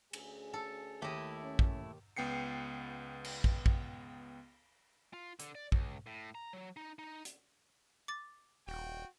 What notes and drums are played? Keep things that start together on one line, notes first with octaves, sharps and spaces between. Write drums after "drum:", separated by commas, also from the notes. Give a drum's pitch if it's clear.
D2 C#4 G#4, drum: cymbal
A4
D#2 A3 E4 G4 D#5
C#4
drum: kick
C#2 B3 G5 C7 C#7
drum: cymbal
drum: kick
drum: kick
F4
D3, drum: hi-hat
D5
C#2, drum: kick
A2
A#5
F#3
D#4
D#4
drum: hi-hat
D6 A6
D#1 F#4 G5